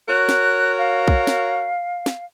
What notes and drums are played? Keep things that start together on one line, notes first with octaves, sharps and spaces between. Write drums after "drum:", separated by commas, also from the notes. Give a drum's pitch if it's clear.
F#4 A#4 C#5 F#6
drum: snare
F5
drum: kick
drum: snare
drum: snare